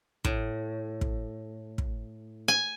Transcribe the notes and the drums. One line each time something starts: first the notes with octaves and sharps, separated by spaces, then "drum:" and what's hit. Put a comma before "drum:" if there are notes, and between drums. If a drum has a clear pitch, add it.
A2, drum: kick
drum: kick
drum: kick
G#5